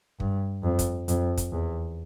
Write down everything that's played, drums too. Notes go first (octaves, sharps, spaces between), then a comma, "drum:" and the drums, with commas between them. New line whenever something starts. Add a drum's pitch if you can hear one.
G2, drum: kick
F2
drum: kick, hi-hat
F2, drum: hi-hat
drum: kick, hi-hat
E2